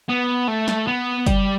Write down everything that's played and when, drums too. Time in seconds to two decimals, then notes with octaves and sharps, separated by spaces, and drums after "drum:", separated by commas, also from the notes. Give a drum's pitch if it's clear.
0.09 B3
0.48 A3
0.68 drum: snare
0.87 B3
1.27 G3, drum: kick F#1, hi-hat